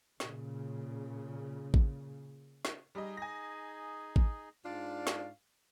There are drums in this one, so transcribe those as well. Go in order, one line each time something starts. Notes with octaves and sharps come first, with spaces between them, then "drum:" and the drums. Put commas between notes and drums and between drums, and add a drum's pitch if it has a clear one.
A#2 C#3, drum: snare
drum: kick A1
drum: snare
G3 D#4 G#4 D#5
G#5 A#6
drum: kick A1
G#2 D4 F4 D5 F5
drum: snare